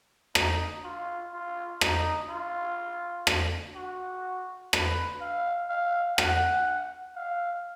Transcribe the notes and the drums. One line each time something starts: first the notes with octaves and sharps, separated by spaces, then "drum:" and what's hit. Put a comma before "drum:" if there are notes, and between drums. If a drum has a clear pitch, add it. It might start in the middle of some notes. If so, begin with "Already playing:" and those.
D#4, drum: rim click
F4
F4
D#4, drum: rim click
F4
drum: rim click
F#4
B4, drum: rim click
F5
F5
F#5, drum: rim click
F5